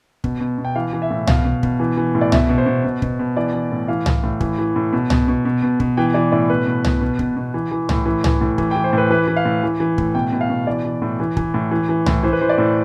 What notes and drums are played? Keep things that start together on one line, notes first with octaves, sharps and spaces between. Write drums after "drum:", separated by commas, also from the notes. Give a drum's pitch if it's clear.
B2, drum: kick
B2
B2
G5
E3 F5
E3
E5
A2
B2 F5, drum: tom
B2
B2, drum: kick
E3
E3
A2
D5
B2 E5, drum: tom
B2
C5
B2
B2
B2, drum: kick
B2
E3 D5
E3
A2
E3 F5
E3, drum: tom
A2
E3, drum: kick
E3
A2
B2
B2, drum: tom
B2
B2
B2
B2, drum: kick
E3 G5
E3 D5
A2 D5
B2 B4
B2
B2, drum: tom
B2
B2, drum: kick
B2
E3
E3
A2, drum: tom
E3
E3, drum: tom
A2
E3, drum: kick
G5
E3
C5
A2 B4
E3 B4
E3
F5
A2
E3
E3
A2, drum: kick
B2 G5
B2
F5
B2
E3 D5
E3
A2
E3
E3, drum: kick
A2
E3
E3
A2, drum: tom
E3 C5
B4
E3 C5
D5
A2